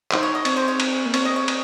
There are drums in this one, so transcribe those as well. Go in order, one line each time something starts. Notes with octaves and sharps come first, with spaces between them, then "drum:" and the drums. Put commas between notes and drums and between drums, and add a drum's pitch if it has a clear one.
D#4 C5, drum: clap
C#5
D#5
C4 C#5, drum: cymbal
C5
C#5
drum: cymbal
A#3
C4 C#5, drum: cymbal
D#5
C#5
drum: cymbal